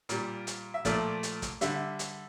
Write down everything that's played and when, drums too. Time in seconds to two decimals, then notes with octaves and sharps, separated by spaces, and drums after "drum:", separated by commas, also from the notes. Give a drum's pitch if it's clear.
0.09 A#2 G3, drum: hi-hat
0.47 drum: hi-hat
0.74 E5
0.85 A#2 F3 A3 D5, drum: kick, hi-hat
1.23 drum: hi-hat
1.42 drum: kick, hi-hat
1.61 D3 G3 E5, drum: hi-hat
1.99 drum: hi-hat